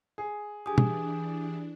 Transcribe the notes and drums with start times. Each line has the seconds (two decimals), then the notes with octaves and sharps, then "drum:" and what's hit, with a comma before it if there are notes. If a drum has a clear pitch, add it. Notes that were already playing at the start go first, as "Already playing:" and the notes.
0.18 G#4
0.66 E3 D4 G4 G#4 G#5 D#6
0.78 drum: tom